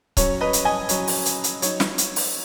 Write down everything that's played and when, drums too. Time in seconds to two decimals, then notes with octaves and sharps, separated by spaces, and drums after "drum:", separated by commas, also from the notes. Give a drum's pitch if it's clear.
0.17 F#3 C#4 C#5, drum: kick C#1, hi-hat
0.41 B4 D#5
0.53 drum: hi-hat
0.65 D#5 G#5
0.89 F#3 C#4, drum: hi-hat
1.07 drum: open hi-hat
1.26 drum: hi-hat
1.44 drum: hi-hat
1.62 F#3 D#4 C#5, drum: hi-hat
1.80 drum: snare
1.98 drum: hi-hat
2.16 drum: open hi-hat